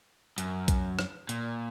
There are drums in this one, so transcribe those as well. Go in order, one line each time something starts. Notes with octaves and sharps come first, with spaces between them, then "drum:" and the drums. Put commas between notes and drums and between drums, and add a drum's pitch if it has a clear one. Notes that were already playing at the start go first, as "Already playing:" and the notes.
F#2, drum: hi-hat
drum: kick B1, hi-hat
drum: rim click
A#2, drum: hi-hat